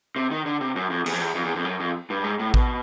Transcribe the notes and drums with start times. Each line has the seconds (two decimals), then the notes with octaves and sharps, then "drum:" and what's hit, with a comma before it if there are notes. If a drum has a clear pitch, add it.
0.16 C3
0.31 D#3
0.46 D3
0.61 C3
0.76 F#2
0.90 F2
1.06 E2, drum: cymbal
1.13 F2
1.21 E2
1.35 F2
1.45 E2
1.56 F2
1.65 F#2
1.80 F2
2.10 G2
2.24 G#2
2.39 A2
2.54 B2, drum: kick A1